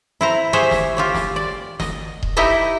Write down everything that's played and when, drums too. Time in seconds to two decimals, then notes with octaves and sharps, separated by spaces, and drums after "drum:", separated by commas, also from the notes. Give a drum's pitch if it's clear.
0.21 E4 C5 A#5
0.53 G4 G#4 C5 C#5 E5 G#5
0.71 drum: snare
0.97 F4 G4 C#5
1.15 drum: snare
1.36 D5
1.80 D#5, drum: snare
2.23 drum: kick D#1
2.37 D#4 E4 G4 D#5 E5